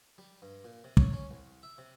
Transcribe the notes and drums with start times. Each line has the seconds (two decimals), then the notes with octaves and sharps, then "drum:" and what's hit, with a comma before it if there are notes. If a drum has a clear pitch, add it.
0.18 G3
0.42 G2
0.64 A#2
0.84 C3
0.97 C#5, drum: kick
1.13 C#4
1.31 C2
1.63 E5
1.78 C3